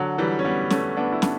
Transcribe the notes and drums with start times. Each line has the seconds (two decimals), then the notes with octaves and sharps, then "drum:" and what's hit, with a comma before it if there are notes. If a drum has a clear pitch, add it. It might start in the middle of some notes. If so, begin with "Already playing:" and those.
Already playing: D3 F#3
0.18 E3 G3
0.39 C#4
0.45 G3 B3
0.70 A3 C#4, drum: snare
0.97 B3 D4
1.12 E4
1.22 B3 D4, drum: snare